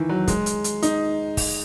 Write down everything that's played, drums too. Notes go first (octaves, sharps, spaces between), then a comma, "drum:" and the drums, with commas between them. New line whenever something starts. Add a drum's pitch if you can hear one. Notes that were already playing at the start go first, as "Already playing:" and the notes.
Already playing: D#3 E3
F#3
G#3, drum: kick, hi-hat
drum: hi-hat
drum: hi-hat
D#4, drum: hi-hat
drum: kick, open hi-hat